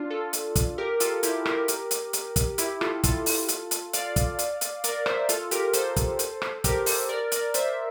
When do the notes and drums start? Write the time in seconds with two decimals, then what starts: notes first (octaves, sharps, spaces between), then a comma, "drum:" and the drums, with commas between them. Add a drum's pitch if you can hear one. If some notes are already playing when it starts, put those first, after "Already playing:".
Already playing: D4 F4
0.10 F4 A4
0.33 drum: hi-hat
0.56 drum: kick, hi-hat
0.78 G4 A#4
1.00 F4 A4, drum: hi-hat
1.23 E4 G4, drum: hi-hat
1.46 G4 A#4, drum: rim click
1.68 drum: hi-hat
1.91 drum: hi-hat
2.13 drum: hi-hat
2.36 drum: kick, hi-hat
2.58 E4 G4, drum: hi-hat
2.81 F4 A4, drum: rim click
3.04 F4 A4, drum: kick, hi-hat
3.26 drum: open hi-hat
3.49 drum: hi-hat
3.71 drum: hi-hat
3.93 D5 F5, drum: hi-hat
4.16 drum: kick, hi-hat
4.39 drum: hi-hat
4.61 drum: hi-hat
4.84 A#4 D5, drum: hi-hat
5.06 C5 E5, drum: rim click
5.29 F4 A4, drum: hi-hat
5.51 G4 A#4, drum: hi-hat
5.74 A4 C5, drum: hi-hat
5.96 drum: kick, hi-hat
6.19 drum: hi-hat
6.42 drum: rim click
6.64 G4 A#4, drum: kick, hi-hat
6.86 A4 C5, drum: open hi-hat
7.09 A#4 D5
7.32 A#4 D5, drum: hi-hat
7.54 C5 E5, drum: hi-hat